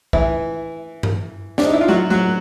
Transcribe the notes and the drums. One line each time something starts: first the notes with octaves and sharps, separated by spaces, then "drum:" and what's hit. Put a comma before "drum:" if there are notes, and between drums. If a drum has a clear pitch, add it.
E3 E4, drum: kick
drum: tom G2
D4, drum: snare
D#4
E4
F4
F#3 F#4
F#3 F#4